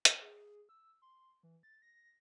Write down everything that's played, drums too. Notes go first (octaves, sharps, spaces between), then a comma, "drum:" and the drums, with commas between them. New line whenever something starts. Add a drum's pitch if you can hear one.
drum: hi-hat
G#4
E6
C6
E3
A6
A#6